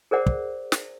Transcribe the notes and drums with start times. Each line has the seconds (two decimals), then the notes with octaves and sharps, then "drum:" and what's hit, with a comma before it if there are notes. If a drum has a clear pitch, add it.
0.11 G#4 A#4 C5 D5 F#5
0.26 drum: kick
0.72 drum: snare